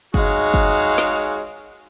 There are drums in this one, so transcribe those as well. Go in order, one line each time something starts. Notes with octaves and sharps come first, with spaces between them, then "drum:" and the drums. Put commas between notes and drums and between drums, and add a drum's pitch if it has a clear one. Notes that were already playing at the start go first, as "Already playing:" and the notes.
G#3 D#4 F#4 G#4 C#5 F5, drum: kick
drum: kick
drum: snare